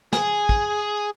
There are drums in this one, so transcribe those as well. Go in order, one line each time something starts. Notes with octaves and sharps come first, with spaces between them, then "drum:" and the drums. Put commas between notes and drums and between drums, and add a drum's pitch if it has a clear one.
G#4, drum: snare
drum: kick